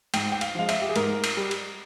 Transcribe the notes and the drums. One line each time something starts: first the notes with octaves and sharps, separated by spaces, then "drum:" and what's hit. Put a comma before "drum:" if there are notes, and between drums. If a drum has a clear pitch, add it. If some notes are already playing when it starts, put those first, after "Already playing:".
G#2 G5, drum: cymbal
G5
F5, drum: cymbal
F3 G#3 F5
E5, drum: cymbal
G4
G#4
G#2 A#4, drum: cymbal
drum: cymbal
G3
drum: cymbal